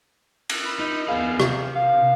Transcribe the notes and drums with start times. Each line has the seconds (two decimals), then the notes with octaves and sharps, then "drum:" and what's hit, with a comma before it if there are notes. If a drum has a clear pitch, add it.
0.49 drum: cymbal
0.65 B5
0.79 D#4
1.08 B3 G#4 F5
1.40 C3, drum: rim click
1.75 F5